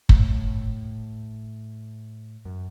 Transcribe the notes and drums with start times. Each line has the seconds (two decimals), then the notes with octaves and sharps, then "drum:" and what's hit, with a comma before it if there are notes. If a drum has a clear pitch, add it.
0.09 A2, drum: kick
2.45 F#2